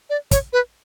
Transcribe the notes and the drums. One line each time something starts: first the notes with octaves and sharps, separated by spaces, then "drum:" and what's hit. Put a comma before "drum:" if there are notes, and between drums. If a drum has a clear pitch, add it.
D5
C#5, drum: kick, hi-hat
B4